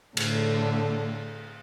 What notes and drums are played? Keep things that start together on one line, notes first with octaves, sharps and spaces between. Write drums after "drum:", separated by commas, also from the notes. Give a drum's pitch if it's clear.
A2 D3, drum: cymbal